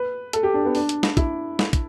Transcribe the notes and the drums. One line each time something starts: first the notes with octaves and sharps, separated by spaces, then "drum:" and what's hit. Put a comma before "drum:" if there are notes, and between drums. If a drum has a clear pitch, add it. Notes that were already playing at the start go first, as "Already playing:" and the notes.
Already playing: B4
A4, drum: hi-hat
G4
D4
B3
D4, drum: open hi-hat
drum: hi-hat
drum: snare
E4, drum: kick, hi-hat
drum: snare
drum: kick, hi-hat